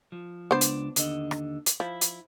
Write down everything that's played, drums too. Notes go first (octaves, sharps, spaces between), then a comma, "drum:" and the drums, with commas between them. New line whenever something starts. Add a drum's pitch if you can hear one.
F3
C#2 B3 D4 C5
drum: hi-hat
D#2 D3 D#5, drum: hi-hat
drum: rim click
drum: hi-hat
F3 E4
drum: hi-hat